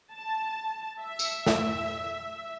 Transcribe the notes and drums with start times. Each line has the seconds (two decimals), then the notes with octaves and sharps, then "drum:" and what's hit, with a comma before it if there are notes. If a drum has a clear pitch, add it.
0.13 A5
1.01 E5
1.19 drum: tambourine
1.46 drum: snare